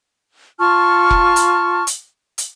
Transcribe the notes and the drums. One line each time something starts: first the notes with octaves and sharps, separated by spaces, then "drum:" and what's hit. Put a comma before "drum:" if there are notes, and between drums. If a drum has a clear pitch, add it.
F4 A5 C#6 F6
drum: kick F1
drum: hi-hat
drum: hi-hat
drum: hi-hat